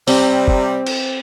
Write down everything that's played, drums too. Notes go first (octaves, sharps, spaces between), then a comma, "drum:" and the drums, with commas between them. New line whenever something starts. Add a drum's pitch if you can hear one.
C3 G3 C4, drum: open hi-hat
drum: kick
drum: cymbal